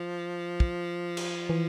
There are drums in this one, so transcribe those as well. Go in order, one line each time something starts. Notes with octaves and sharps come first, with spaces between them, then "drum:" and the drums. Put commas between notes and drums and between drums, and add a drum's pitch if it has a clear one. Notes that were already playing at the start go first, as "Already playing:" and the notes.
Already playing: F3
drum: kick
drum: cymbal
E3